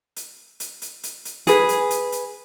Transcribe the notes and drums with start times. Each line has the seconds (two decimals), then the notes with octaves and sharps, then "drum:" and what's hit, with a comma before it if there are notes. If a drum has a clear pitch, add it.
0.16 drum: hi-hat
0.60 drum: hi-hat
0.82 drum: hi-hat
1.03 drum: hi-hat
1.25 drum: hi-hat
1.47 G#4 B4, drum: hi-hat
1.69 drum: hi-hat
1.90 drum: hi-hat
2.12 drum: hi-hat